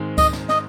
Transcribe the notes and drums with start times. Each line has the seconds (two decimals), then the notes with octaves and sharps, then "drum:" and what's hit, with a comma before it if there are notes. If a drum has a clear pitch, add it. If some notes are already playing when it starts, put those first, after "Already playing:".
Already playing: G#2 D#3 G#3 C4
0.18 D#5, drum: kick C#2, tambourine
0.33 drum: snare
0.49 D#5, drum: snare